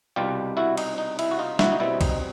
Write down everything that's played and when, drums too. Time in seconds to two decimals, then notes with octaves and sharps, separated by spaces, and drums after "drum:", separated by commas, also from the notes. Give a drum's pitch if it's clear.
0.16 C2 B2 G3 F4 G4
0.57 E4 F#4
0.77 D#4, drum: cymbal
0.98 D#4
1.19 E4, drum: cymbal
1.31 F#4
1.39 D#4 F4
1.59 E4 F#4, drum: snare
1.72 D#4
1.80 B2 G3 C4 E4
2.01 D#4, drum: kick, cymbal